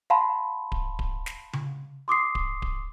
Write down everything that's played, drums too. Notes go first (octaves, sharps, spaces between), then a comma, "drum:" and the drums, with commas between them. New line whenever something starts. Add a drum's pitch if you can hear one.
F5 F#5 A5 B5 C6
drum: kick D1
drum: kick D1
drum: snare
drum: tom C#3
C6 D6 D#6 C7
drum: kick D1
drum: kick D1